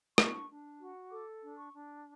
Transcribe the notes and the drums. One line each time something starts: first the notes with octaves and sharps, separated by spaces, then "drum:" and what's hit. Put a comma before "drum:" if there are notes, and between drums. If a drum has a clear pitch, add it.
D4 C#6, drum: rim click
D4
F#4
A4 D6
D4
C#6
D4